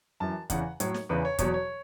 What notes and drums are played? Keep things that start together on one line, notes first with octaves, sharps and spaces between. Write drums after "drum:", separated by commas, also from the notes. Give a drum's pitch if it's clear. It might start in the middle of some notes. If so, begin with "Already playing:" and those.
F#2 E3 A5
E2 C#3 E3 F#5, drum: kick, hi-hat
A2 F#3 C#5, drum: hi-hat
drum: snare
E2 C#3 E3 B4
C#5
E2 B2 F#3 C#5, drum: kick, hi-hat
C#5